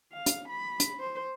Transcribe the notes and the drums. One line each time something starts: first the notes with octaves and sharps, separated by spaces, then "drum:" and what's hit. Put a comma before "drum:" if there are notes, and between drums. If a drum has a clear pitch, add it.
F5
drum: hi-hat
B5
drum: hi-hat
C5